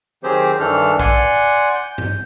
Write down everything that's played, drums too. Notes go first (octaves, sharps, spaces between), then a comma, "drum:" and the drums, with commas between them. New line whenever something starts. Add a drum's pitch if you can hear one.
D#3 F#3 C4 G4 G#4 C5
G2 D#3 E3 D4 A4 F6
D5 F#5 G#5 C6, drum: kick
G6
drum: tom G2